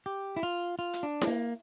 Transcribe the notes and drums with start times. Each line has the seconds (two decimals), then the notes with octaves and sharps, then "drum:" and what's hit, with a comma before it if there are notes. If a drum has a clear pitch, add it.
0.06 G4
0.37 E4
0.43 F4
0.79 F4
0.93 drum: hi-hat
1.03 D4
1.22 C4, drum: snare E4
1.27 A#3